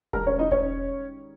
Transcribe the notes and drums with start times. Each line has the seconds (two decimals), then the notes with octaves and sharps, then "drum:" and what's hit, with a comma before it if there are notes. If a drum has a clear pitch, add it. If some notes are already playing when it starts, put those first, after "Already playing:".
0.13 G#2 D#3 G3 A#4 A#5, drum: kick E1
0.27 C#4 C#5
0.38 D#4 D#5
0.51 C#4 C#5, drum: kick E1